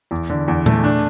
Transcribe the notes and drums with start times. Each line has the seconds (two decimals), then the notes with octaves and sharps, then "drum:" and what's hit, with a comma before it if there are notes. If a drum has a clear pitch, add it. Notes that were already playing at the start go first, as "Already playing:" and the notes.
0.11 E2
0.30 D3
0.48 E2
0.66 A3, drum: tom A#2
0.84 D4